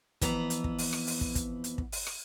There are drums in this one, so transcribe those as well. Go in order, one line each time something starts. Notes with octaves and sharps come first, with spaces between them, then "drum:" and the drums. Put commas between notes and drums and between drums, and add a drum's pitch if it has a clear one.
F2 E3 B3 A#5, drum: kick, hi-hat
drum: hi-hat
drum: kick
drum: open hi-hat
drum: rim click
drum: open hi-hat
drum: kick
drum: kick, hi-hat
drum: hi-hat
drum: kick
drum: open hi-hat
drum: rim click